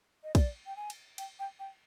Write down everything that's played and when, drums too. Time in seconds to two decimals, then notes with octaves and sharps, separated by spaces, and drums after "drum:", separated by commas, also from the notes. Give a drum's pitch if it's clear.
0.23 D#5
0.35 D5, drum: kick, cymbal
0.66 G5
0.76 G#5
0.90 drum: cymbal
1.18 G5, drum: cymbal
1.39 G5
1.59 G5